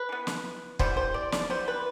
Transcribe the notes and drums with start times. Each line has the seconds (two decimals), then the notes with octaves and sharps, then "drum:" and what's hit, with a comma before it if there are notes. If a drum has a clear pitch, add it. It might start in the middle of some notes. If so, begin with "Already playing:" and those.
Already playing: B4
0.09 E3 B3
0.27 drum: snare
0.79 E3 G3 B3 C5, drum: kick
0.97 C5
1.14 D5
1.32 D5, drum: snare
1.49 E3 G3 B3 C5
1.68 B4